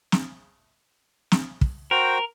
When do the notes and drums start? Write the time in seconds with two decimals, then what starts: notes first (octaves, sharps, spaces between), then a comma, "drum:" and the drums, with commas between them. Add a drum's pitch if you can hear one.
0.12 drum: snare
1.32 drum: snare
1.61 drum: kick
1.91 F#4 A#4 C5 G5